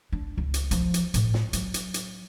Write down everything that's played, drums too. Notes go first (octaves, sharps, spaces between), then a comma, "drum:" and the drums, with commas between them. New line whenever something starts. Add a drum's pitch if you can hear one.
D4
C#2
drum: hi-hat
F3, drum: hi-hat
drum: hi-hat
A2, drum: hi-hat
drum: snare
F#3, drum: hi-hat
drum: hi-hat
drum: hi-hat